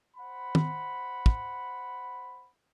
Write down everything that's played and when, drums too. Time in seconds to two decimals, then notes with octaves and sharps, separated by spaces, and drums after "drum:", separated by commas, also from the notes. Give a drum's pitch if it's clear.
0.16 C5 F#5 B5
0.55 drum: tom D#3
1.26 drum: kick